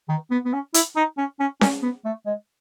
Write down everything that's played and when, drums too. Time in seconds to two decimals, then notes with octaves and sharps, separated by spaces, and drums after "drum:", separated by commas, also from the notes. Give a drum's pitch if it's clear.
0.09 D#3
0.31 B3
0.45 B3
0.53 C#4
0.74 E4, drum: hi-hat
0.96 D#4
1.18 C#4
1.40 C#4
1.61 C#4, drum: snare C#4
1.83 B3
2.05 A3
2.26 G#3